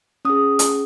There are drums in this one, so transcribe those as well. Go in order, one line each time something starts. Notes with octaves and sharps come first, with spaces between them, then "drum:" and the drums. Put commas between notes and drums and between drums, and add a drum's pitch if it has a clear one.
C#4 G#4 D#6
drum: hi-hat